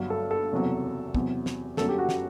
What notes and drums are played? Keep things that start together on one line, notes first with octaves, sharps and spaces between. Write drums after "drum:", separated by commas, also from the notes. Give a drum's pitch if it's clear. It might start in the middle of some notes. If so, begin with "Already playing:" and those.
Already playing: G1 G2 F#3
A4
A4
F#1 E2 C3 F#3
E2 C3 F#3, drum: kick
drum: snare
G1 F#2 F#3 A4, drum: snare
G4
F#4
drum: snare